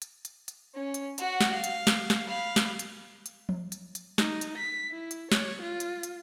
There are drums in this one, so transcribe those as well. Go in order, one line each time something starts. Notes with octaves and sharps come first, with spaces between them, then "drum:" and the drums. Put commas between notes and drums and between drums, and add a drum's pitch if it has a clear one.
drum: hi-hat
drum: hi-hat
drum: hi-hat
C#4
drum: hi-hat
F#4 F#5, drum: hi-hat
drum: snare
F5
drum: hi-hat
drum: snare
drum: snare
F5 B5
drum: snare
drum: hi-hat
drum: hi-hat
drum: tom F3
drum: hi-hat
drum: hi-hat
D#4, drum: snare
drum: hi-hat
B6
E4
drum: hi-hat
C#5, drum: snare
F4
drum: hi-hat
drum: hi-hat